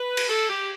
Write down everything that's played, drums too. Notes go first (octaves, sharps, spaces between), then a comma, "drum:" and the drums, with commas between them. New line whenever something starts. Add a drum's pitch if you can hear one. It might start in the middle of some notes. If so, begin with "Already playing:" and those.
Already playing: B4
drum: cymbal
A4
G4